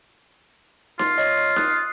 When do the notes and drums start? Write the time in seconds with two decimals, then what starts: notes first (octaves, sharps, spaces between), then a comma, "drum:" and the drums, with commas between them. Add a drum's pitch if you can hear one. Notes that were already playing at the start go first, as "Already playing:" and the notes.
0.99 F4 C6, drum: snare D#4
1.18 C#5 D#5, drum: hi-hat
1.56 D#6 F#6 C7, drum: snare D#4